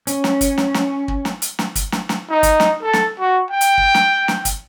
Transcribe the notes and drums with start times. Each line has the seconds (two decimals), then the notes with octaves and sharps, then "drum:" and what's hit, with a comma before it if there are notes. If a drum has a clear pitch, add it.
0.07 C#4, drum: hi-hat
0.24 drum: snare
0.41 drum: kick, hi-hat
0.58 drum: snare
0.74 drum: snare
1.08 drum: kick
1.25 drum: snare
1.42 drum: hi-hat
1.59 drum: snare
1.75 drum: kick, hi-hat
1.92 drum: snare
2.09 drum: snare
2.29 D#4
2.43 drum: kick, hi-hat
2.60 drum: snare
2.82 A4
2.93 drum: snare
3.19 F#4
3.51 G5
3.61 drum: hi-hat
3.78 drum: kick
3.94 drum: snare
4.28 drum: snare
4.45 drum: kick, hi-hat